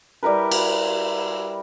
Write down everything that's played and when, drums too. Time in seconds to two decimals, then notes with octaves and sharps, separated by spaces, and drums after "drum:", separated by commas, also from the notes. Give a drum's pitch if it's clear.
0.23 G3 E4 A#4 B4
0.51 drum: cymbal